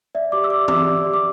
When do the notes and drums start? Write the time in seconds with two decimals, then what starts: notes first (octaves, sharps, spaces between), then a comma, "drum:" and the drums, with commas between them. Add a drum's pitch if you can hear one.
0.15 D5 E5
0.32 G4 D6
0.44 E6
0.50 D5 D6
0.68 G4 D6, drum: tom
0.87 D5
1.05 G4
1.14 D6